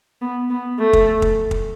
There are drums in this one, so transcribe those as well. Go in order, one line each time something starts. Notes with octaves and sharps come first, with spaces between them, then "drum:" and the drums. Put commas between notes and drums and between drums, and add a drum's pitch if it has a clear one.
B3
B3
A3
drum: kick
drum: kick
drum: kick